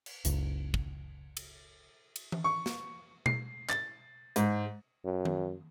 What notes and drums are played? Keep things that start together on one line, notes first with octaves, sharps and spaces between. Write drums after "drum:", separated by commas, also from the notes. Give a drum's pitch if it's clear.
drum: cymbal
F#1 C#2, drum: hi-hat
drum: kick
drum: cymbal
drum: cymbal
drum: tom E3
C#6
drum: snare
C7, drum: tom B2
A6, drum: clap
G#2, drum: hi-hat
F#2
drum: tom D#3